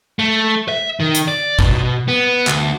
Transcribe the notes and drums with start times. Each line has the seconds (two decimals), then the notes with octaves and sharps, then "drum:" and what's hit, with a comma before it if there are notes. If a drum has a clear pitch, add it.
0.19 A3
0.68 E5
1.00 D#3
1.15 drum: hi-hat
1.28 D5
1.59 B2, drum: kick
2.08 B3
2.47 D2, drum: clap